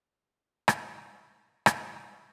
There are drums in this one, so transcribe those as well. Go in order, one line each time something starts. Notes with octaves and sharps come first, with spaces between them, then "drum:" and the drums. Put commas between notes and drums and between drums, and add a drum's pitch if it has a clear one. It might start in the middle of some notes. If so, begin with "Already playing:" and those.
A#3 D4 D#4
drum: rim click
drum: rim click